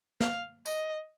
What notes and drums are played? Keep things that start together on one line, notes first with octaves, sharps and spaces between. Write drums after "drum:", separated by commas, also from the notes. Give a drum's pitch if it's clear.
F5, drum: snare
D#5, drum: tambourine